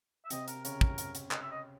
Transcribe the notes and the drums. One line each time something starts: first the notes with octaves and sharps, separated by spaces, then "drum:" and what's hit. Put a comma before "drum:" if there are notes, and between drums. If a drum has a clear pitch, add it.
E5
C3 C4 D#5, drum: hi-hat
A#4, drum: hi-hat
C#3 C#4 A#4, drum: hi-hat
drum: kick
drum: hi-hat
drum: hi-hat
D#5, drum: clap
E5
D#5